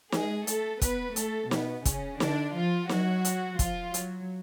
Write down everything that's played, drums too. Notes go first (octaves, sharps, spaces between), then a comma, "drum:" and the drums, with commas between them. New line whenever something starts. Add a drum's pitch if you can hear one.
G#3 G#4, drum: snare
A3 A4, drum: hi-hat
B3 B4, drum: kick, hi-hat
A3 A4, drum: hi-hat
B2 B3, drum: snare
C#3 C#4, drum: kick, hi-hat
D3 D4, drum: snare
F3 F4
F#3 F#4, drum: snare
drum: hi-hat
F3 F4, drum: kick, hi-hat
F#3, drum: hi-hat